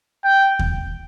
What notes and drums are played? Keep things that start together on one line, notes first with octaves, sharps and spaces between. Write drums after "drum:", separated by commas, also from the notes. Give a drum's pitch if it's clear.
G5
drum: kick D#2